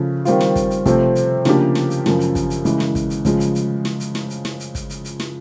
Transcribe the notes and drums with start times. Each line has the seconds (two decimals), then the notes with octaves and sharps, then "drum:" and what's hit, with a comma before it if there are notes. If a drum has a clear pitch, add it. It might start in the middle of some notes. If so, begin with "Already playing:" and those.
Already playing: C#3 F3 A3
0.25 D#3 G3 C4 F4, drum: hi-hat
0.41 drum: snare
0.56 drum: kick, hi-hat
0.70 drum: hi-hat
0.86 C3 F3 A3 C4, drum: kick, hi-hat
1.15 drum: hi-hat
1.45 C#3 F3 A#3 D4 G4, drum: snare
1.75 drum: snare
1.90 drum: hi-hat
2.06 F#2 C#3 F3, drum: snare
2.20 drum: hi-hat
2.35 drum: kick, hi-hat
2.50 drum: hi-hat
2.65 C#3 E3 G#3, drum: hi-hat
2.80 drum: snare
2.95 drum: kick, hi-hat
3.10 drum: hi-hat
3.25 C#3 F3 G#3, drum: kick, hi-hat
3.40 drum: hi-hat
3.55 drum: hi-hat
3.85 drum: snare
4.00 drum: hi-hat
4.15 drum: snare
4.30 drum: hi-hat
4.45 drum: snare
4.60 drum: hi-hat
4.75 drum: kick, hi-hat
4.90 drum: hi-hat
5.05 drum: hi-hat
5.20 drum: snare